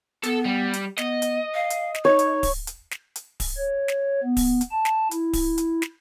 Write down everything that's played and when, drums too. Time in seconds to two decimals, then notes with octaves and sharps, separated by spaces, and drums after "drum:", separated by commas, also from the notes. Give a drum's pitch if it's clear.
0.23 B3 A4, drum: hi-hat
0.45 G3
0.73 drum: hi-hat
0.98 B3 D#5, drum: snare
1.22 drum: hi-hat
1.54 F5
1.70 drum: hi-hat
1.95 drum: snare
2.05 D#4 C#5
2.19 drum: hi-hat
2.43 drum: kick D1, open hi-hat
2.67 drum: hi-hat
2.91 drum: snare
3.16 drum: hi-hat
3.40 drum: kick D1, open hi-hat
3.57 C#5
3.88 drum: snare
4.23 B3
4.37 drum: kick D1, open hi-hat
4.61 drum: hi-hat
4.71 A5
4.85 drum: snare
5.11 E4, drum: hi-hat
5.33 drum: kick D1, open hi-hat
5.58 drum: hi-hat
5.82 drum: snare